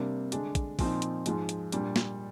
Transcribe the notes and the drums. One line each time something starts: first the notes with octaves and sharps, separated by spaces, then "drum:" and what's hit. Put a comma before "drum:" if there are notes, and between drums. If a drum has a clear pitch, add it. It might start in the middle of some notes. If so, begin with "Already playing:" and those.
Already playing: C3 G3 A#3 D4
D3 G#3 D4, drum: hi-hat
drum: kick, hi-hat
A#2 F3 C4 D#4, drum: kick, open hi-hat
drum: hi-hat
G#2 F3 G#3, drum: hi-hat
drum: hi-hat
A#2 G3 D4, drum: hi-hat
drum: snare